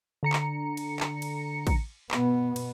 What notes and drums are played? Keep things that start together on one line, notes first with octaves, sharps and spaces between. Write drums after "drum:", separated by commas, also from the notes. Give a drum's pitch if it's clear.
D3 A#5 C#7
drum: clap
drum: cymbal
drum: clap
drum: cymbal
drum: kick, cymbal
B2 B3, drum: clap
drum: cymbal